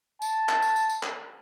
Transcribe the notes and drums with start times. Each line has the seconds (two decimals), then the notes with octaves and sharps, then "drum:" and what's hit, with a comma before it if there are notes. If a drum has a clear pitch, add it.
0.22 A5, drum: tambourine
0.49 drum: clap
0.62 drum: tambourine
0.76 drum: tambourine
0.89 drum: tambourine
1.03 drum: clap